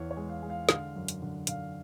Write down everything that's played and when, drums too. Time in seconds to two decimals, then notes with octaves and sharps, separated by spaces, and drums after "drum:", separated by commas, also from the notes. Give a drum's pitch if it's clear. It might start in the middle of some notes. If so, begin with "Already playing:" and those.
Already playing: E2 E3 C#5
0.11 C#5
0.17 G#3
0.29 F5
0.42 G#3
0.50 F5
0.69 D3 F5, drum: snare
0.96 F#2
1.08 drum: hi-hat
1.22 D3
1.47 D3 F5, drum: hi-hat